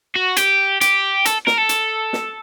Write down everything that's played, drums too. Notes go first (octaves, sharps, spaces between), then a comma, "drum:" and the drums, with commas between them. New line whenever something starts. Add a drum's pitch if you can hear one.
F#4
G4, drum: hi-hat
G4, drum: hi-hat
A4, drum: hi-hat
A#4, drum: snare
A4
drum: hi-hat
drum: snare